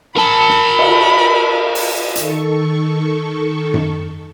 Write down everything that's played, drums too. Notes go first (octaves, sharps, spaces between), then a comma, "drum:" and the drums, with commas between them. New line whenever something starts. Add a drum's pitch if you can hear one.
A#4 A5 B5, drum: snare
drum: snare
drum: cymbal
drum: open hi-hat
D#3 A4 C#6, drum: hi-hat
drum: tom F#2